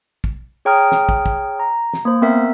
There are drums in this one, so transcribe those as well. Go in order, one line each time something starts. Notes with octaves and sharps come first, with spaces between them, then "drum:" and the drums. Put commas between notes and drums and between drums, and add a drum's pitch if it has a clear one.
drum: kick
G#4 C#5 G5 A#5 D#6 F6
drum: snare
drum: kick
drum: kick
A#5
drum: snare
A#3 C5
B3 C4 A#4 E5